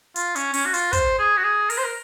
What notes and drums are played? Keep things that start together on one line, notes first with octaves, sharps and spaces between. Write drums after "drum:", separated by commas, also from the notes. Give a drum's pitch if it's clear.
F4, drum: hi-hat
C#4, drum: hi-hat
C#4, drum: open hi-hat
F#4
F4, drum: hi-hat
C5, drum: kick, hi-hat
G#4
F#4
G#4
A#4, drum: open hi-hat
C5
A#4